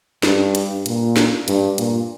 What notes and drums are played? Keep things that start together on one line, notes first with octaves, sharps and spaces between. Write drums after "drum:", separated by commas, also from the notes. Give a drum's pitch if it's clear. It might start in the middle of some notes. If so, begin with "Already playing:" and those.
G2, drum: snare
drum: hi-hat
A#2, drum: hi-hat
drum: snare
G2, drum: hi-hat
A#2, drum: hi-hat